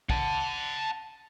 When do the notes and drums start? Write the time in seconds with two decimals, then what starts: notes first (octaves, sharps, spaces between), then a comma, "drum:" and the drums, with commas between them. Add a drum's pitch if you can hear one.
0.10 F#5 A5, drum: kick